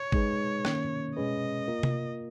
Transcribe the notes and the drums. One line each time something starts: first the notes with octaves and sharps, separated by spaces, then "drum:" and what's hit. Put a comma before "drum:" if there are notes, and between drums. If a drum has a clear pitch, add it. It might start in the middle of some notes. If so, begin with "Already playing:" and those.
Already playing: C#5
G#3 D#4 G#4 B4, drum: kick G#1
D#3 A#3 C#4, drum: rim click
B2 G#3 C#4 G#4 B4 D#5
A#3 F4 A#4
drum: tom C3